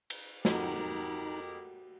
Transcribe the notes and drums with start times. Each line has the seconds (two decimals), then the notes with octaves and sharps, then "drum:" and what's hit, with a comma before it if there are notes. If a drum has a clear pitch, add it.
0.10 drum: cymbal
0.45 F2 D#4 F#4 G4 A#4 A#5 F#6, drum: snare